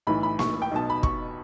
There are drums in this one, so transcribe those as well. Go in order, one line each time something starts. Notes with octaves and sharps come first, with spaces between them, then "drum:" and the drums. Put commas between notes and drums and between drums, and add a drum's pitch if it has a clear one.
B1 A2 E3 B5
B5
C#6, drum: snare A#3
G5
B1 B2 A5
B5
C#6, drum: kick